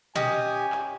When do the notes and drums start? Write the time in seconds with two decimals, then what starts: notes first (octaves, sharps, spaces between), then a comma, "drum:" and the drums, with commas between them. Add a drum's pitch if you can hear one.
0.16 C#4 G4 D#5 G#5 D#6, drum: tom A#2
0.72 drum: clap